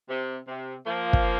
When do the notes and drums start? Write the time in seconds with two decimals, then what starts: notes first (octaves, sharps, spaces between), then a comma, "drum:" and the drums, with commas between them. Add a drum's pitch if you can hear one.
0.09 C3
0.48 C3
0.86 F3 A#3
1.13 drum: kick